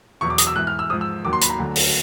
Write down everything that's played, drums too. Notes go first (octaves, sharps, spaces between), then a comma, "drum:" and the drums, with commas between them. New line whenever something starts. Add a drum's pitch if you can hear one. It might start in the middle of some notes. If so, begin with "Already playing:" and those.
E2 B2 F#3 C#6
D6
D#6, drum: hi-hat
E6
G#2 E3 F#6
F6
E6
G#2 F3 D#6
E6
D#2 D#3 F#3 D6
C6
B5, drum: hi-hat
A#5
D2 D3 F#3
drum: open hi-hat